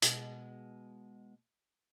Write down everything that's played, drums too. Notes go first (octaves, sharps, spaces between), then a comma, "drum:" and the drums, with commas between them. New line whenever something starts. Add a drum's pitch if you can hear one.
B2 G#3, drum: hi-hat